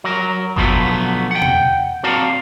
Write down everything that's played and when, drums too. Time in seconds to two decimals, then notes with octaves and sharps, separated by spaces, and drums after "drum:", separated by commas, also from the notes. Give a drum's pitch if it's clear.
0.04 F#3 A#4
0.56 B2 D3 F3 F#3 A3 B3, drum: kick G1
1.31 F#5 G5
1.42 drum: tom
2.03 C4 F#4 D5 F5 A5 A#5